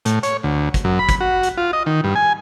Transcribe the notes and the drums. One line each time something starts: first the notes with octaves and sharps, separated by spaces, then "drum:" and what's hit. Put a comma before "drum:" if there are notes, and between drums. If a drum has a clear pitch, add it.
A2, drum: hi-hat
C#5, drum: hi-hat
D2
drum: kick, hi-hat
F#2
B5
drum: kick, hi-hat
F#4
drum: hi-hat
F4
D#5
D#3
G2
G#5